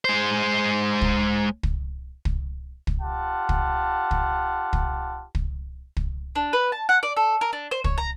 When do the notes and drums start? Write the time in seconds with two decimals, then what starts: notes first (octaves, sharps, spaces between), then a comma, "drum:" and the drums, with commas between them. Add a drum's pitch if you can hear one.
0.05 G#3 C5
1.01 drum: kick
1.63 drum: kick
2.25 drum: kick
2.87 drum: kick
3.01 F4 G4 F#5 A5
3.49 drum: kick
4.11 drum: kick
4.73 drum: kick
5.35 drum: kick
5.97 drum: kick
6.36 D4
6.53 B4
6.72 A5
6.89 F#5
7.03 D5
7.16 A4
7.41 A#4
7.53 D4
7.71 C5
7.84 C#5, drum: kick
7.98 A#5